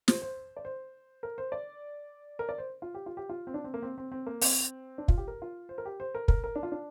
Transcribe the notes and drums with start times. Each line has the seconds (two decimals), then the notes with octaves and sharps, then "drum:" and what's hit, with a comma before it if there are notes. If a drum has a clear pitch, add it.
0.08 C5, drum: snare
0.22 C5
0.57 D5
0.65 C5
1.23 A#4
1.38 C5
1.52 D5
2.39 A#4
2.49 D5
2.58 C5
2.82 F4
2.94 G4
3.06 F4
3.17 G4
3.29 F4
3.47 C4
3.54 D4
3.64 C4
3.74 A#3
3.83 C4
3.98 C4
4.12 C4
4.26 A#3
4.41 C4, drum: open hi-hat
4.98 D4
5.08 F4, drum: kick
5.18 G4
5.28 A#4
5.42 F4
5.69 C5
5.78 A#4
5.85 G4
6.00 C5
6.15 A#4
6.28 A#4, drum: kick
6.44 A#4
6.56 D4
6.63 F4
6.72 D4